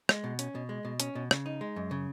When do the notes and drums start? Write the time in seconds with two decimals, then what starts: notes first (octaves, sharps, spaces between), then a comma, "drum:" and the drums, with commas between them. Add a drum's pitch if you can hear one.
0.09 G#3, drum: rim click
0.24 B2
0.39 C#4, drum: hi-hat
0.55 B2
0.69 G#3
0.85 B2
1.00 C#4, drum: hi-hat
1.15 B2
1.31 C#3, drum: rim click
1.46 D#4
1.61 G#3
1.76 F#2
1.91 C#3